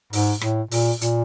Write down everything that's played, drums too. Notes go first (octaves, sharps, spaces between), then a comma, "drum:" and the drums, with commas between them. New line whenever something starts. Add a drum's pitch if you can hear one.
G#2, drum: open hi-hat
A2, drum: rim click
A#2, drum: open hi-hat
A#2, drum: hi-hat